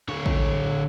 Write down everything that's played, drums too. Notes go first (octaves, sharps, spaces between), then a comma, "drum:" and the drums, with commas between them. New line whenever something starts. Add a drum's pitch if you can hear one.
D3 C#5
drum: kick A1